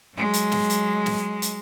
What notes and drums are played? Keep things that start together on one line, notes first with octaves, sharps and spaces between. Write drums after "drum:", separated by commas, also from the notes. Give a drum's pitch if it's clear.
F#3 G#3
drum: hi-hat
drum: snare
drum: hi-hat
drum: snare
drum: hi-hat